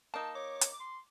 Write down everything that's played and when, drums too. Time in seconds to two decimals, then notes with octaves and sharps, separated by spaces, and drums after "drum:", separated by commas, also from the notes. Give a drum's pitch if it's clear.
0.14 A#3 D#4 A5
0.35 C#5 D6
0.61 drum: hi-hat
0.80 C6